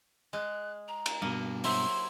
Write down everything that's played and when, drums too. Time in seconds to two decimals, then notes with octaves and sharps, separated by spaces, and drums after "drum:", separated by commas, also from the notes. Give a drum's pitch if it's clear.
0.33 G#3 F#6
0.88 A#5
1.06 drum: cymbal
1.22 G2 B2 A#3
1.64 F#3 E4 C5 C6, drum: open hi-hat